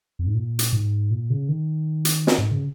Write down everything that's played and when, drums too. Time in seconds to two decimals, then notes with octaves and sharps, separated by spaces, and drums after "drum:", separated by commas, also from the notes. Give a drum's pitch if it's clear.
0.19 F2
0.27 G#2
0.35 A#2
0.59 drum: hi-hat
0.73 G#2
1.11 A#2
1.30 C#3
1.49 D#3
2.05 drum: hi-hat
2.27 drum: snare
2.38 G#2
2.51 C#3